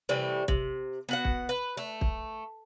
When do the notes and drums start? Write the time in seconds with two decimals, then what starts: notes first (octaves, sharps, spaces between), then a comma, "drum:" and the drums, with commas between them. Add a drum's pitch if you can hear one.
0.09 C3 E3 G3 A3
0.48 C3, drum: kick
1.09 B3 F#4 F#5
1.25 drum: kick
1.49 B4
1.77 A3
2.01 drum: kick